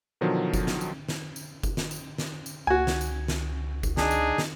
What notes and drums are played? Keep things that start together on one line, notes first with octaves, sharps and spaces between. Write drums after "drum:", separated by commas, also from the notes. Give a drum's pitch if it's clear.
B2 D3 D#3 F3 F#3
drum: kick F#1, tambourine
drum: snare
drum: tambourine
drum: snare
drum: tambourine
drum: kick F#1, tambourine
drum: snare
drum: tambourine
drum: snare
drum: tambourine
C#2 F#4 G#5
drum: snare
drum: tambourine
drum: snare
drum: kick F#1, tambourine
D4 D#4 G#4, drum: snare
drum: tambourine
drum: snare